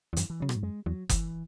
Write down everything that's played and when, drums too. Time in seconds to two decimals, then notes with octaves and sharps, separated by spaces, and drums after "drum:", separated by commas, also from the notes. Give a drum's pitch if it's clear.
0.13 E2
0.16 F#2 E3, drum: hi-hat
0.30 E3
0.40 C#3 F#3
0.49 B2, drum: rim click
0.56 G#2
0.63 F#2 G#3
0.86 E2 F#3
1.09 E3, drum: kick F#1, hi-hat